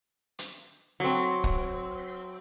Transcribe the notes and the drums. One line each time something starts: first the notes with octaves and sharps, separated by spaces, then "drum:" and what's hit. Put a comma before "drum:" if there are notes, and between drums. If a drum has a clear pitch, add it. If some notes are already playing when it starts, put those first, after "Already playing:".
drum: hi-hat
F#3 C4
drum: kick